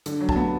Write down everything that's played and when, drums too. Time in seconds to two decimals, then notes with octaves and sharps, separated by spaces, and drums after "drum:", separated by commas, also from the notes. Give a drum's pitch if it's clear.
0.06 D3, drum: hi-hat
0.21 F#3
0.29 A5, drum: kick
0.36 B3